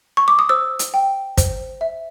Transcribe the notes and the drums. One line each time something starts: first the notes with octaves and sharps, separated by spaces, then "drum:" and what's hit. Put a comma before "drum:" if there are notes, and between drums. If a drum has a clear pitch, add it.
C#6
D6
D#6
C5 E6
drum: hi-hat
G5
C5, drum: kick, hi-hat
E5